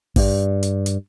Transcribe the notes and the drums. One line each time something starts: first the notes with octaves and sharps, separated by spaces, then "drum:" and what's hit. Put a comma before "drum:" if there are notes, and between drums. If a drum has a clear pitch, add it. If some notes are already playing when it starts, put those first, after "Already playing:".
G2, drum: kick, open hi-hat
drum: hi-hat
drum: hi-hat